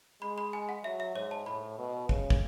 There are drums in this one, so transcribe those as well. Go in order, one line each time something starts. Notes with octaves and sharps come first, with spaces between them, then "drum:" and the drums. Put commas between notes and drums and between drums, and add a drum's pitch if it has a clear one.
G#3 B5
B5
G#5
F#5
F#3 E5
E5
G#2 C#5
A5
A2 B5
B2
C#3, drum: kick
drum: kick